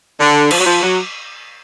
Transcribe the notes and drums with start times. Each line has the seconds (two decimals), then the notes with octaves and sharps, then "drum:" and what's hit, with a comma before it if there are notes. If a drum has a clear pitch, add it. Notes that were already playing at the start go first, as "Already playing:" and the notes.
0.20 D3
0.51 F3, drum: cymbal
0.59 F#3
0.65 F3
0.82 F#3